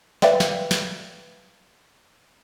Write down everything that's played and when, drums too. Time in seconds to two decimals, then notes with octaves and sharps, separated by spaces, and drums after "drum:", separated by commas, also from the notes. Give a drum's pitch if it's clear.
0.22 B4 D5 E5 F5 G5, drum: snare
0.40 drum: snare
0.71 drum: snare